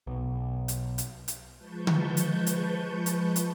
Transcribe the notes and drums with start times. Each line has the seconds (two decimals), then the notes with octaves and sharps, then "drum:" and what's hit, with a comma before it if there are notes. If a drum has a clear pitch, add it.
0.07 B1
0.68 drum: hi-hat
0.98 drum: hi-hat
1.28 drum: hi-hat
1.57 F3 G#3 B4 A5 C#6 G6
1.87 drum: tom D3
2.17 drum: hi-hat
2.47 drum: hi-hat
3.06 drum: hi-hat
3.36 drum: hi-hat